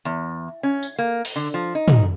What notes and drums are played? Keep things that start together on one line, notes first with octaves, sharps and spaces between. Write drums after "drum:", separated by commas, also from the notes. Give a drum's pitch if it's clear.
E2
C#4
drum: tambourine
A#3
drum: open hi-hat
D3
F3
D#4
drum: tom